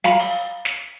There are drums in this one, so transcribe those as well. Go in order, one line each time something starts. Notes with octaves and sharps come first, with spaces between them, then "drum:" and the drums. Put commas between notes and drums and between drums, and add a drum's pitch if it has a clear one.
F5 A#5 B5, drum: snare
drum: open hi-hat
drum: snare